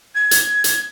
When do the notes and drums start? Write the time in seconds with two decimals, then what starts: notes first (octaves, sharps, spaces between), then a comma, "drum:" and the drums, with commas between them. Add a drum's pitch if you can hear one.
0.15 G#6
0.31 drum: hi-hat
0.64 drum: hi-hat